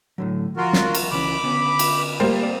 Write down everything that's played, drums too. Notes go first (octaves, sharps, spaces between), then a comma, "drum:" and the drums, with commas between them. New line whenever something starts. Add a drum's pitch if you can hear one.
A2 D3 F#3
F3 F4 F#4 A#4 C6
drum: snare
drum: cymbal
C#2 E3 C#4 B5 D6
D3 B3 C#4
drum: cymbal
G3 A#3 C5
C4 D5